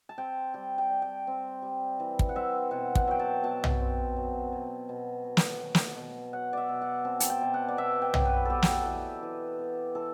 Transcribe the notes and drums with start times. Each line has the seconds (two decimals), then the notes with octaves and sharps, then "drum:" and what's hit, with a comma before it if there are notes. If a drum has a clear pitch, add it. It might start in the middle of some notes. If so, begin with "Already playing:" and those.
0.09 A5
0.18 C4 G5
0.54 G3 G5
0.78 G5
0.90 G3
1.02 G5
1.27 C4
1.62 G3
2.00 E3
2.19 drum: kick
2.29 F#5
2.35 C4 E5
2.71 B2 F#5
2.95 F#5, drum: kick
3.08 F#3 G5
3.19 A5
3.44 B2 A5
3.64 drum: tom
3.80 C4
4.16 F#3
4.53 B2
4.89 B2
5.24 B2
5.37 drum: snare
5.60 F#3
5.75 drum: snare
5.96 B2
6.33 F#3 F#5
6.53 D5 E5
6.69 B2
6.82 F#5
7.05 C4 A5
7.20 A5, drum: hi-hat
7.30 G5
7.42 B2
7.54 F#5
7.69 D5
7.77 B2 E5
8.02 G5
8.14 F#3, drum: tom
8.25 B4
8.45 B3 G4 A4
8.62 drum: snare
8.86 E3
9.23 E3
9.59 B3
9.95 E3 A4